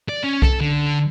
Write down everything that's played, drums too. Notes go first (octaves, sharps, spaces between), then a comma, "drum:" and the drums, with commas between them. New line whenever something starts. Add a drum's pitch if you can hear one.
D5
C#4
A4, drum: kick C2
D3